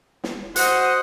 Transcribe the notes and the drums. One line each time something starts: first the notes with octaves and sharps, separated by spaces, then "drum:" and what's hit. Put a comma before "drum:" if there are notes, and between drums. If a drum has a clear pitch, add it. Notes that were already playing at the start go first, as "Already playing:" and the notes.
drum: snare
F#4 C5 D#5 F#5, drum: hi-hat